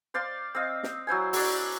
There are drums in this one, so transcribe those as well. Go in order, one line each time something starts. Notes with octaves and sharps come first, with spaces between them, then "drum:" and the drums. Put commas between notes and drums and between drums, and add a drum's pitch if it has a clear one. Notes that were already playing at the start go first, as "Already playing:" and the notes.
C5 D5 F5 C6
C4 D#5 F5
drum: snare
F#3 E4 C5 G#5
F#3 D4, drum: open hi-hat